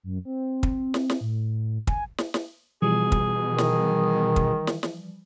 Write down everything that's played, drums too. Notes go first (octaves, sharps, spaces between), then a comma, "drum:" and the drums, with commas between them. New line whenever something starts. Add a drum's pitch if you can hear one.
F#2
C4
drum: kick
drum: snare
drum: snare
A2
G#5, drum: kick
drum: snare
drum: snare
B2 E3 F3 G3 G#4
drum: kick
D#3
drum: snare
drum: kick
drum: snare
drum: snare